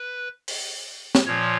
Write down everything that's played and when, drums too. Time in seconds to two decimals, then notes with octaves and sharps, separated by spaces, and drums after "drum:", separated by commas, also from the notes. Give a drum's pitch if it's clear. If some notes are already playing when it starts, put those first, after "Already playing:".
Already playing: B4
0.48 drum: open hi-hat
1.15 drum: snare
1.26 A#2 F3 C#5